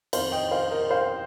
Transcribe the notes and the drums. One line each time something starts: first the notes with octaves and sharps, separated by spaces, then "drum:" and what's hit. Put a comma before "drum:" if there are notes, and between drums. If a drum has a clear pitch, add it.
F2 D#3 C4 C5 F5, drum: cymbal
D#5 G5
C5 F5
A#4 D#5
C5 F5